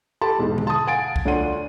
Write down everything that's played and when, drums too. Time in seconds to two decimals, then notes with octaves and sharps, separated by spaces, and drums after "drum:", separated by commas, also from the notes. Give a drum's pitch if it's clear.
0.21 G4 A4 A5 B5
0.38 B1 E2 G#2
0.58 drum: tom D3
0.67 A5 D#6
0.87 F5 F#5 G#5 A6 D7
1.16 drum: kick
1.25 D2 D4 F4 C#5 F#5 D#7